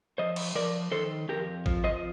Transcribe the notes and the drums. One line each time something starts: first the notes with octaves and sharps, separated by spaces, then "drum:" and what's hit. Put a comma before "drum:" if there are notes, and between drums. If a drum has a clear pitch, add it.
F3 C5 D#5
drum: cymbal
F3 A#4 D5
D#3 A4 C5
F2 G4 A#4
F3, drum: kick G#1
C5 D#5